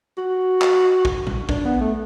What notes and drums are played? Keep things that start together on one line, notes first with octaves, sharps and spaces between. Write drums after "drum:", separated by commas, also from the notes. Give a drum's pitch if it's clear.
F#4
drum: clap
drum: kick
drum: tom
D4, drum: kick
B3
A3